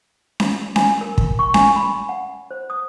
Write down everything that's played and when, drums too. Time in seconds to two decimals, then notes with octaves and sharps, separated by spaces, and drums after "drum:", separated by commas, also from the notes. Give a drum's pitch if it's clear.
0.40 drum: snare C#4
0.76 G#5, drum: snare C#4
1.01 A#4
1.18 drum: kick
1.39 C#6
1.54 G#5, drum: snare C#4
1.76 B5
2.09 F#5
2.51 C5
2.70 D#6